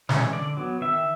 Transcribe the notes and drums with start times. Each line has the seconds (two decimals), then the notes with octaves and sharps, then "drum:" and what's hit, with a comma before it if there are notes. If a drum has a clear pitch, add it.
0.09 E3 G#3 C#4, drum: snare
0.33 D3 D5
0.57 F#3 B3
0.81 D#3 E5